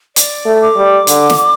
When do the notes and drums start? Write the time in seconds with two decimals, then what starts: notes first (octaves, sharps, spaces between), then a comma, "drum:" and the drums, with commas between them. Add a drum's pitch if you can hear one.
0.16 D5, drum: hi-hat
0.46 A3
0.61 D6
0.76 G3
1.07 D3, drum: hi-hat
1.30 drum: snare